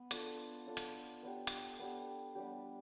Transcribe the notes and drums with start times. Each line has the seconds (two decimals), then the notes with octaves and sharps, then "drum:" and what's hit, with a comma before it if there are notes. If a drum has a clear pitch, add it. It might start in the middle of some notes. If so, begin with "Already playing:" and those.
Already playing: B3
0.11 D4 F4 A4 D5, drum: hi-hat
0.67 D4 F4 A4 D5
0.77 drum: hi-hat
1.23 B3 D4 G4
1.47 drum: hi-hat
1.79 B3 D4 G4
2.35 G3 B3 D4 G4